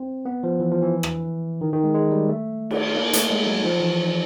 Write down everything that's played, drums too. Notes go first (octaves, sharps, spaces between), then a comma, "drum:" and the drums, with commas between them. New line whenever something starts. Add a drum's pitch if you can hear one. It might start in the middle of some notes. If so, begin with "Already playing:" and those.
Already playing: C4
B3
F3
E3
F3
E3
drum: rim click
D#3
D#3
G#3
G#3
G3
A3
drum: cymbal
A#3
A3, drum: hi-hat
G#3
F#3
F3
E3